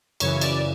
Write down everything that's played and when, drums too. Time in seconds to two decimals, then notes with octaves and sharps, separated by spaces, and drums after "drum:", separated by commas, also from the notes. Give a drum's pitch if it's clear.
0.20 F#2 C#3 E3 C#5, drum: cymbal
0.41 D5, drum: cymbal